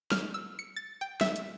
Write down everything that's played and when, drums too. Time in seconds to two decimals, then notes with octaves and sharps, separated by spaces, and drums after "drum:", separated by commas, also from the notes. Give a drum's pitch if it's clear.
0.12 F6, drum: snare
0.34 E6
0.59 C#7
0.76 A6
1.01 G5
1.21 E5, drum: snare
1.36 drum: hi-hat